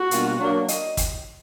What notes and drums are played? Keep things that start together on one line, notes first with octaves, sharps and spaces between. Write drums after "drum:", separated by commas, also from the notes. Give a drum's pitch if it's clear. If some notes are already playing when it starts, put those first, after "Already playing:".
Already playing: F#4
B2 G3 A#3 D4 F4, drum: hi-hat
F#3 A#3 D4
D#5, drum: hi-hat
drum: kick, hi-hat